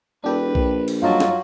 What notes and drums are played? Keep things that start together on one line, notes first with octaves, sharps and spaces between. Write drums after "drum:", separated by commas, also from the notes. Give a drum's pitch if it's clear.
E1 D4 G4 A4 B4
A#1, drum: kick B1
drum: cymbal
G2 F#3 D#4 F4 A5
drum: snare